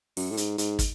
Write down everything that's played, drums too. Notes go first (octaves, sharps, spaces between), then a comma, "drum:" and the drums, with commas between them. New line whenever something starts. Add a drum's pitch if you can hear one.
F#2, drum: open hi-hat
A2
G#2, drum: hi-hat
G#2, drum: hi-hat
drum: kick, hi-hat